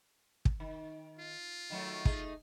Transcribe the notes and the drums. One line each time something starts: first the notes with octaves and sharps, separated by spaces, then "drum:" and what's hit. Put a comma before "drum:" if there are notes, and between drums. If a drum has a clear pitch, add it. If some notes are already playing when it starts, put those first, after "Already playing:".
drum: kick
D#3
F4
D#3 F#3 A3
A3 D#4 G#4, drum: kick